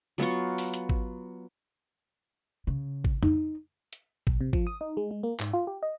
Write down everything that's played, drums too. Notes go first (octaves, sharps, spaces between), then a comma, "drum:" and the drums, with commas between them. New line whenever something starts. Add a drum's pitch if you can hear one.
F#3 B3 F4 C#6
drum: open hi-hat
drum: hi-hat
drum: kick G#1
C#3
drum: kick G#1
D#4, drum: tom F2
drum: hi-hat
B1, drum: kick G#1
C3
F3, drum: kick G#1
D#6
D#4
G#3
G#3
A#3
G#2, drum: clap
F4
G4
D#5